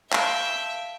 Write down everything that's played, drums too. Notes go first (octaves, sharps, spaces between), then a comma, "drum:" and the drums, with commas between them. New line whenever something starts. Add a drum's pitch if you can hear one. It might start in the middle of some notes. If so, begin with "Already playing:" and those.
E5 F5 G5 A5 D7, drum: clap